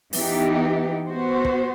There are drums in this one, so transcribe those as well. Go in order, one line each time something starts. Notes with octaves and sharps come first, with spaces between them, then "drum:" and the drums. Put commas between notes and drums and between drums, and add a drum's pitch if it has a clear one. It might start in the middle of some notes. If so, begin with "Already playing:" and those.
E3 B3 D#4 G4, drum: open hi-hat
B3 F#4 C5
drum: kick